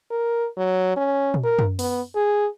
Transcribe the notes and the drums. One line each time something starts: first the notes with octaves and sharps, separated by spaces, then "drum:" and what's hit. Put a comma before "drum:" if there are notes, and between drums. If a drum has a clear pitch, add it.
A#4
F#3
C#4
drum: tom A#2
A#4
drum: tom F#2
B3, drum: open hi-hat
G#4